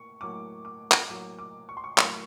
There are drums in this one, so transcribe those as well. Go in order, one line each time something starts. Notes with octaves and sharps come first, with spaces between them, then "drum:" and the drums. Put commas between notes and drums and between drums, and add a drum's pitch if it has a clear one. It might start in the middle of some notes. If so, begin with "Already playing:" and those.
Already playing: A2 A#3 C#6
A2 F#3 A#3 D6
D6
drum: clap
A2 F#3 A#3 D6
D6
C#6
C6
C#6
A2 F#3 A#3, drum: clap